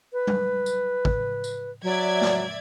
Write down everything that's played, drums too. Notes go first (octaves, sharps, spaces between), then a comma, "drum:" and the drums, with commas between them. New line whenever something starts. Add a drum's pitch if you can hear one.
B4
drum: tom G3
drum: tambourine
drum: kick
drum: tambourine
F#3 D5 E5 G#6
drum: snare